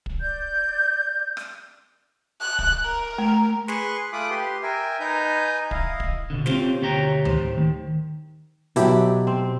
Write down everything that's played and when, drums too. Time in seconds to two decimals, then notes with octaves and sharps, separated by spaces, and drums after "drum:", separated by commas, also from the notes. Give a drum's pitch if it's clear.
0.06 drum: kick
0.21 D5 G6
1.37 drum: rim click
2.41 F#6
2.59 drum: kick
2.85 A#4
3.18 A3
3.68 G#4 B4 C6 C#6 F#6, drum: snare
4.13 A3 F4 B5 D6 D#6 F#6
4.30 G4 B4 C6
4.63 A#4 E5 G5 G#5
5.00 D#4 B4 G#5 A#5 G6
5.71 E4 D#5 F5, drum: kick
6.00 drum: kick
6.30 B2 D3
6.46 C4 C#4 F4 G4 C5, drum: snare
6.81 D2 B2 G4 C#5 G5 A#5
7.25 A2 D#3 G4 C5, drum: tom D2
7.58 D#3
8.76 B2 F#3 D4 E4 G4, drum: hi-hat
9.27 C4